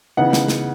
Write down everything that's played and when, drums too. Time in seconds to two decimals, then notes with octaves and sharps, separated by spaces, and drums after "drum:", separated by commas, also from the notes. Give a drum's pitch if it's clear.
0.17 C#3 E3 B3 D#4 F#5
0.33 drum: snare
0.48 drum: snare